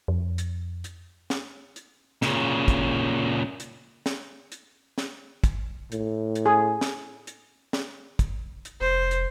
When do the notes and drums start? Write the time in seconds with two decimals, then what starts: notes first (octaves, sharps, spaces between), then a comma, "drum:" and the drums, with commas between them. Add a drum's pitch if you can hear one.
0.08 F2
0.38 drum: hi-hat
0.84 drum: hi-hat
1.30 drum: snare
1.76 drum: hi-hat
2.22 A#2 C#3, drum: snare
2.68 drum: kick, hi-hat
3.60 drum: hi-hat
4.06 drum: snare
4.52 drum: hi-hat
4.98 drum: snare
5.44 drum: kick, hi-hat
5.92 A2, drum: hi-hat
6.35 drum: hi-hat
6.46 G#4
6.81 drum: snare
7.27 drum: hi-hat
7.73 drum: snare
8.19 drum: kick, hi-hat
8.65 drum: hi-hat
8.81 F1 C5
9.11 drum: hi-hat